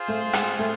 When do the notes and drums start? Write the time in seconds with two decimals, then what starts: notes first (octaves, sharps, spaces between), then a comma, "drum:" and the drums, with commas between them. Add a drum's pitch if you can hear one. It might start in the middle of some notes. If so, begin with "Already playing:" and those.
Already playing: F4 G#4 C5 F5
0.08 A3
0.33 G#3, drum: rim click
0.59 A3